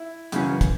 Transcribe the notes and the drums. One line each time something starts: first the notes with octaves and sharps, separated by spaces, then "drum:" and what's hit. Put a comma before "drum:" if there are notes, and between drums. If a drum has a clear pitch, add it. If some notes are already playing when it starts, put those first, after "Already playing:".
Already playing: E4
F#2 C#3 E3 C#4, drum: hi-hat
drum: kick, hi-hat